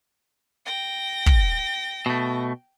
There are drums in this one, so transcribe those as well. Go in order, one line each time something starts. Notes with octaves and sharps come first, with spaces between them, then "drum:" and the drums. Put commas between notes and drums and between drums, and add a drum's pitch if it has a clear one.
G5 A#6
drum: kick
B2 A3